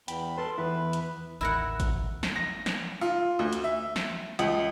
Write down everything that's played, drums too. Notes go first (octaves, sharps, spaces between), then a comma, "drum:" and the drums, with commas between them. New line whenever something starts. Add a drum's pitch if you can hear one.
E2 G5 B5, drum: hi-hat
A4 B4 A5 C6
E2 E4 B4
drum: hi-hat
A1 D#2 E4 A#4 F#5
drum: kick G#1, hi-hat
drum: snare
A#6
drum: snare
F4
D2
drum: hi-hat
E5
drum: snare
C#2, drum: hi-hat